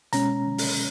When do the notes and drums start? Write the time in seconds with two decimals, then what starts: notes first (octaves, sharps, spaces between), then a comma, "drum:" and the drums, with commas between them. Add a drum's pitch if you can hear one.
0.13 B2 G#3 C#4 A#5, drum: hi-hat
0.58 drum: open hi-hat